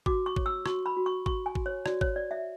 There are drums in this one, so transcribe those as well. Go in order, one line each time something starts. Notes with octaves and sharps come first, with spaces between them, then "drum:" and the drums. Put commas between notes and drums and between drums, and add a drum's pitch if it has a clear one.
F#4 D6, drum: kick G#1
C#6
C#5, drum: kick G#1
E6
F#4 C#6, drum: rim click
B5
F#4
C#6
F#4 C#6, drum: kick G#1
G#5
F#4, drum: kick G#1
C#5
F#4 D5, drum: rim click
C#5, drum: kick G#1
C#5 D5
E5